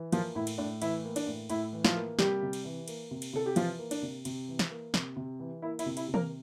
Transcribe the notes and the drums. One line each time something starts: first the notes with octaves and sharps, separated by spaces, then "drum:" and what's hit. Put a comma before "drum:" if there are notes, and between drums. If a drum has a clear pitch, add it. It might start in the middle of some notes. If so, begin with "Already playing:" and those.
Already playing: E3
F3 A#3 F4, drum: cymbal
A2 E4
drum: cymbal
A2 D4
E3 E4, drum: cymbal
A#3
D4, drum: cymbal
A2
A2 E4, drum: cymbal
E3
F3 F4, drum: snare
A#3
C3 G3 G4, drum: snare
C3
drum: cymbal
E3
A#3, drum: cymbal
C3
drum: cymbal
C3 A4
G4
E3 F3 F4, drum: cymbal
A#3
D4, drum: cymbal
C3
C3, drum: cymbal
E3
drum: snare
A#3
C3, drum: snare
C3
E3
A#3 E4
E4, drum: cymbal
C3
E4, drum: cymbal
C3
A#3 A#4, drum: tom